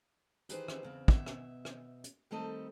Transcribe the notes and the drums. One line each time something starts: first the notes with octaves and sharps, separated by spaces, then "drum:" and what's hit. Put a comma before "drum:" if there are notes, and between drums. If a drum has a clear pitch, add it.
D#3 E3 G4 G#4 B4 C5, drum: hi-hat
drum: rim click
E2 C#3 C4
B2 E5, drum: kick
drum: rim click
drum: rim click
drum: hi-hat
D#3 G3 A3 C4 A4 D#5